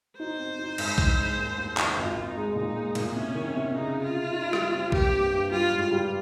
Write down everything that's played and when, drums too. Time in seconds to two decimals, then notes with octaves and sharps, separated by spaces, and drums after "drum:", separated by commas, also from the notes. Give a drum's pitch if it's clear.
0.19 D#4 C5
0.39 C4
0.59 D#4
0.78 G#2, drum: cymbal
0.98 D#4, drum: kick
1.18 G#2
1.38 D#2
1.58 D#2
1.77 D#3, drum: clap
1.96 G#1 F4
2.17 G#1
2.26 D#4
2.36 G#3
2.56 A#2 D#4
2.76 G#3
2.95 A#2, drum: cymbal
3.15 C3 C#4
3.35 D#3
3.55 C3
3.74 C#3 D#4
3.94 C#3
4.04 F4
4.14 C#3
4.33 D#4
4.53 G3, drum: rim click
4.73 C4
4.92 A#3 G4, drum: kick
5.12 G2
5.32 G2
5.52 G3 F4
5.71 G#2
5.81 F4
5.91 G3